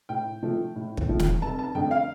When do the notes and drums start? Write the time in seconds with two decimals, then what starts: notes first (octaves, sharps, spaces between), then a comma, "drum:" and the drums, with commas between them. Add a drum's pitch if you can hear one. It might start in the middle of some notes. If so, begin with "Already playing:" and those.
0.09 A2 G5
0.43 F3 A3
0.76 A2
0.97 drum: kick
1.09 F3 A3
1.19 drum: snare
1.41 F1 A5
1.59 A5
1.75 F2 D3 A3 D4 G5
1.91 F5